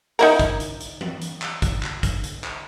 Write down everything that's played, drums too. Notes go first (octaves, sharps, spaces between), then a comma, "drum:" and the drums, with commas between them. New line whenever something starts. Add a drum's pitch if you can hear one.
D#4 E4 A#4, drum: open hi-hat
drum: kick, hi-hat
drum: hi-hat
drum: hi-hat
drum: tom E3
drum: hi-hat
drum: clap
drum: kick, hi-hat
drum: clap
drum: kick, hi-hat
drum: hi-hat
drum: clap